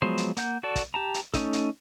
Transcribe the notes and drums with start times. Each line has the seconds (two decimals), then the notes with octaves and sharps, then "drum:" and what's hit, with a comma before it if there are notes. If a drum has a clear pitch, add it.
0.02 F3 F#3 G#3 B3 C5
0.17 drum: hi-hat
0.37 A#3 F#5 G6, drum: hi-hat
0.63 F#4 A4 D5 A5
0.76 drum: kick, hi-hat
0.94 G4 A5 A#5
1.14 drum: hi-hat
1.34 A3 C#4 D#4 A4, drum: kick, hi-hat
1.53 drum: hi-hat